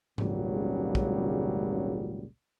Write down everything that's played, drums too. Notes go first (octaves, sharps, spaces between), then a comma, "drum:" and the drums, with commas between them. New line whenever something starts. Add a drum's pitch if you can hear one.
G#1 C#2 A#2 C#3 F#3 G3, drum: tom
drum: kick